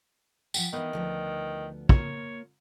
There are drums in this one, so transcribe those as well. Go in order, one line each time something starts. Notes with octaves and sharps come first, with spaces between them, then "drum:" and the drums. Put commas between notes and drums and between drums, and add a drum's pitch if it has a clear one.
F3 F#5 G5, drum: tambourine
D#3 E3 B3
D2 F3 B3
A#3 F4 C#5, drum: kick